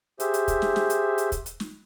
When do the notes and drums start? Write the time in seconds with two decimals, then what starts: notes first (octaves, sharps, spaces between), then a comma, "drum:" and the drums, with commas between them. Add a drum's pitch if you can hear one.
0.20 G4 G#4 C5 E5, drum: hi-hat
0.34 drum: hi-hat
0.48 drum: kick, hi-hat
0.62 drum: snare
0.76 drum: snare
0.90 drum: hi-hat
1.18 drum: hi-hat
1.32 drum: kick, hi-hat
1.46 drum: hi-hat
1.60 drum: snare